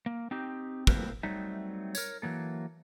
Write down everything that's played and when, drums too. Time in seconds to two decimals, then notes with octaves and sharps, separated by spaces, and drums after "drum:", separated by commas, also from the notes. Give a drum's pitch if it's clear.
0.06 A#3
0.31 C4 D#4 G4
0.87 A2 A#3 C4 A#4 B4, drum: kick
1.23 F#3 G3 A3 C4 D#4 E5
1.95 A#4 C#5, drum: tambourine
2.22 E3 F#3 A#3 A4